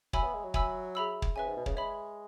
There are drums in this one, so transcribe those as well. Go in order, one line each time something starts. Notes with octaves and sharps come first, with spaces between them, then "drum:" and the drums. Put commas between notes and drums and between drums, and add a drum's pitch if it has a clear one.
F#3 C#5 E5 G#5 B5 E6, drum: kick
B3
G#3
F#3
E5 G#5 B5 E6, drum: kick
G#4 E5 B5 E6
drum: kick
C#3 B4 E5 G#5
G#2
B2
C#3, drum: kick
G#3 C#5 E5 B5